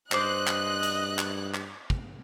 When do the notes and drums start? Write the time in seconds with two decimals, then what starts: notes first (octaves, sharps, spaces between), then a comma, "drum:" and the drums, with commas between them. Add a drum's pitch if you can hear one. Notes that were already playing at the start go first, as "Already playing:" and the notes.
0.12 G2 C5 D#5 D6 F#6, drum: clap
0.47 drum: clap
0.83 drum: hi-hat
1.19 drum: clap
1.54 drum: clap
1.90 drum: kick